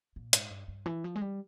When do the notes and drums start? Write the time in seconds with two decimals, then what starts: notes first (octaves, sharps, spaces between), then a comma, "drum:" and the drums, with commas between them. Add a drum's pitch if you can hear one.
0.16 A#2
0.33 G#2, drum: hi-hat
0.51 G2
0.68 G2
0.86 E3
1.04 F3
1.16 G#3
1.21 G3